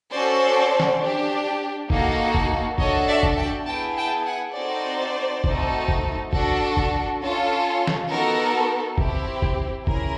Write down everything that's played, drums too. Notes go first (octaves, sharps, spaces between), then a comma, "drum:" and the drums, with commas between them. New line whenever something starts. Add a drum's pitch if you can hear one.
C#4 F#4 A4 C5 D5
drum: snare
D4 G4
A#3 D#4 F#4 A4, drum: kick
drum: kick
D4 F#4 A4 C#5 D#5, drum: kick
D5 E5
drum: kick
G5 A5
B3 E4 G#4 G5 A5
G5 A5
F#5 G#5
C4 D#4 F#4 A4 C5 D5
A3 C4 D#4 F#4 A4, drum: kick
drum: kick
D4 F#4 A4, drum: kick
drum: kick
C#4 F4 A4
drum: snare
B3 D#4 F#4 A4 A#4
C4 E4 G4, drum: kick
drum: kick
C#4 E4 G#4 A#4, drum: kick